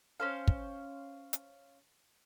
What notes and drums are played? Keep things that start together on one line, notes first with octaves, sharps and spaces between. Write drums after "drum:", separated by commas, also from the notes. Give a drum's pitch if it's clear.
C#4 C5 F5
drum: kick
drum: hi-hat